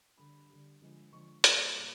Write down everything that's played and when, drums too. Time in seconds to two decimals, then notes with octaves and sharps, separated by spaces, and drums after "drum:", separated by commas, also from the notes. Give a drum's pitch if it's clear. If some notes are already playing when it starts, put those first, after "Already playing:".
0.18 D3 G3 B5
0.49 D3 G3
0.81 D3 F3 G#3
1.13 D3 F3 G#3 C#6
1.44 A#2 G3, drum: hi-hat
1.76 A#2 G3